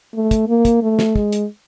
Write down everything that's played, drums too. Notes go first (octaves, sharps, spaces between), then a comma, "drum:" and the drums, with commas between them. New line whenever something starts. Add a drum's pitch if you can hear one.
A3
drum: kick, hi-hat
A#3
drum: kick, hi-hat
A3
drum: snare
G#3, drum: kick
drum: hi-hat